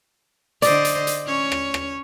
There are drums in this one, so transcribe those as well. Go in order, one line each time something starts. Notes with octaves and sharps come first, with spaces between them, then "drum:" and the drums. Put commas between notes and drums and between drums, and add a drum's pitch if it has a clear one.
D3 C5 D5 D#5, drum: hi-hat
drum: hi-hat
drum: hi-hat
C#4 C#5
drum: rim click
drum: rim click